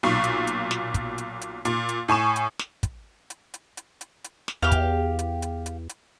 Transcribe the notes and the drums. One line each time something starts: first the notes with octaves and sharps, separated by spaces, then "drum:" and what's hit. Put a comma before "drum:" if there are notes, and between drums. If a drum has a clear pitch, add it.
B1 A#2 C#6
drum: hi-hat
drum: hi-hat
drum: snare
drum: kick, hi-hat
drum: hi-hat
drum: hi-hat
A#2, drum: hi-hat
drum: hi-hat
A2 G#5 C#6 E7
drum: hi-hat
drum: snare
drum: kick, hi-hat
drum: hi-hat
drum: hi-hat
drum: hi-hat
drum: hi-hat
drum: hi-hat
drum: snare
E2 G4 F5
drum: kick, hi-hat
drum: hi-hat
drum: hi-hat
drum: hi-hat
drum: hi-hat